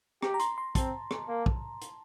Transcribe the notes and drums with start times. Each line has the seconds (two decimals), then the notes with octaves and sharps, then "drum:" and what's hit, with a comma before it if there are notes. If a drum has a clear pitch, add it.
0.23 G4 A#5, drum: rim click
0.34 A#5
0.40 C6, drum: hi-hat
0.58 C6
0.75 C4 A5, drum: kick, hi-hat
1.11 drum: rim click
1.28 A#3
1.46 drum: kick
1.82 drum: hi-hat